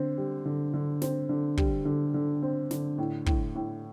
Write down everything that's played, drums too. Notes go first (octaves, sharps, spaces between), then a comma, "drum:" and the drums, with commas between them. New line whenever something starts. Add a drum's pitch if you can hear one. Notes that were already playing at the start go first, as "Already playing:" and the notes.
Already playing: D3 C4
G3
D3
D3
C4, drum: snare
D3
G3, drum: kick
D3
D3
C4
D3, drum: snare
A2
A2, drum: kick
A2